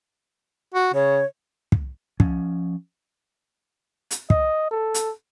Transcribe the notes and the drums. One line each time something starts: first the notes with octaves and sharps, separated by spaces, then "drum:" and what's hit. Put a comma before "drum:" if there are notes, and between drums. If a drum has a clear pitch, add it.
F#4
C#3 C#5
drum: kick
F3 C#4, drum: kick
drum: hi-hat
D#5, drum: kick
A4
drum: hi-hat